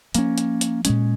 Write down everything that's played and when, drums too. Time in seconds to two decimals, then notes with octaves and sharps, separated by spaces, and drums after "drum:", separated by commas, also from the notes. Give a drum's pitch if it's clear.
0.14 F3 A#3 C#4, drum: hi-hat
0.38 drum: hi-hat
0.61 drum: hi-hat
0.85 A#2 G#3 C#4, drum: hi-hat